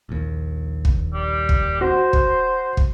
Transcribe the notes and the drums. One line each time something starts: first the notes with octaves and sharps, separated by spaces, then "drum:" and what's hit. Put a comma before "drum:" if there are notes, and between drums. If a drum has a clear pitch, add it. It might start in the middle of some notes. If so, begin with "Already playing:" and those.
A#1 D#2
drum: kick
G3
drum: kick
F#4 C5
drum: kick
drum: kick